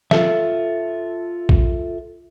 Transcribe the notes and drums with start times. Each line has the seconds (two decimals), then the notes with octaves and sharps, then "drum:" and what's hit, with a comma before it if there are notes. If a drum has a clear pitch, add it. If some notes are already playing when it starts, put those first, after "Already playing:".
0.11 F4 A4 E5, drum: snare
1.49 drum: kick